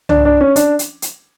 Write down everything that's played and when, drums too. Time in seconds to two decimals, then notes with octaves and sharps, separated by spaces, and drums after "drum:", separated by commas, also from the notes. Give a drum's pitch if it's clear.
0.09 D4, drum: tom
0.25 D4
0.41 C#4
0.56 D4, drum: hi-hat
0.79 drum: hi-hat
1.02 drum: hi-hat